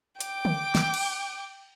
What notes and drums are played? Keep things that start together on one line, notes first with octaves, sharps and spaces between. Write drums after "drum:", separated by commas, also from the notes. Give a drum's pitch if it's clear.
G5 D6, drum: hi-hat
drum: tom D3
drum: snare
drum: cymbal